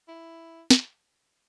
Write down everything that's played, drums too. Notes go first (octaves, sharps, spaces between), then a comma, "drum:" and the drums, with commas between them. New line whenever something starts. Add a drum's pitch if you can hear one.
E4
drum: snare